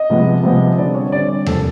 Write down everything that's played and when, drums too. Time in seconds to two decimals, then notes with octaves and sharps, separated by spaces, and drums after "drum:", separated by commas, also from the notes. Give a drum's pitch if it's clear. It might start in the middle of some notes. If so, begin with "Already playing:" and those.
Already playing: D#5
0.10 C3 F3 G#3 B3
0.43 C3 F3 G#3 B3
0.78 D3 G3 C4 D5
0.95 C#5
1.12 D3 G3 C4 D5
1.46 C3 F3 A#3 A4, drum: tom D#2